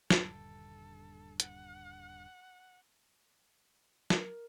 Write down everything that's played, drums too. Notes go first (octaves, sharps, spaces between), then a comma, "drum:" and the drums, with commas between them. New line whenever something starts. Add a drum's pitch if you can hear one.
D#1 G2 D3 A4, drum: snare
F#5, drum: hi-hat
A#4, drum: snare